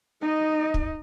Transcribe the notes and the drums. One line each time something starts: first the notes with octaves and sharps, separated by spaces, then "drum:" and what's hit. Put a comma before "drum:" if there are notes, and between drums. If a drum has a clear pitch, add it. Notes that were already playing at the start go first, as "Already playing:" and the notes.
D#4 D#5
drum: kick